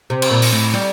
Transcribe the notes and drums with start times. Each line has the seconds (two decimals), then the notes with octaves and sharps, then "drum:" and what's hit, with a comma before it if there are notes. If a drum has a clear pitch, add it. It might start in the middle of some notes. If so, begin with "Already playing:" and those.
0.10 C3
0.22 drum: cymbal
0.31 A#2
0.42 drum: open hi-hat
0.53 A2
0.74 G3